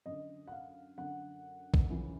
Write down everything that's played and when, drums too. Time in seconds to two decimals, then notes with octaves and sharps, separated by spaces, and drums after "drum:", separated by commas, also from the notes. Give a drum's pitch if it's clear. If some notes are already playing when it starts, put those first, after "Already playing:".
0.06 F#2 D3 D#5
0.47 F#5
0.52 F5
0.98 F#2 D3 F#5
1.74 drum: kick
1.90 F#2 C#3 E3